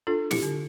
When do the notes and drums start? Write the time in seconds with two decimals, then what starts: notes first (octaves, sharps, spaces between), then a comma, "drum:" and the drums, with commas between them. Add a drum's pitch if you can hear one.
0.07 D4 F4 A4
0.31 E4 G4, drum: snare
0.43 D3